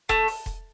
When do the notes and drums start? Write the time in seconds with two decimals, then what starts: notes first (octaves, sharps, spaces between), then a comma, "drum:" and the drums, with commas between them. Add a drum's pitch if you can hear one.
0.09 A3, drum: kick E1, hi-hat
0.28 drum: open hi-hat
0.46 drum: kick E1, hi-hat